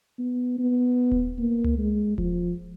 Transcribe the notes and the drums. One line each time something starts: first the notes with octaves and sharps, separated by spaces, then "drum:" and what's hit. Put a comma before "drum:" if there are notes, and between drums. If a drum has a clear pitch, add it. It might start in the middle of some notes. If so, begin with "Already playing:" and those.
B3
B3
drum: kick D#1
A#3
drum: tom C#2
G#3
F3, drum: kick D#1